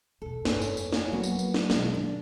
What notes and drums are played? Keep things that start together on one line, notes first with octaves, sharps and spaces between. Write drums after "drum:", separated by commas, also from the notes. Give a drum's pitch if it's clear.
E2 B2 A4
G1 F2 B4 C#5 G#5, drum: snare
drum: tambourine
drum: tambourine
C#5 G#5, drum: snare
F3 F#3 A#3 B3 F#4
drum: tambourine
drum: tambourine
drum: snare
B2 D#3 G#3, drum: snare
D4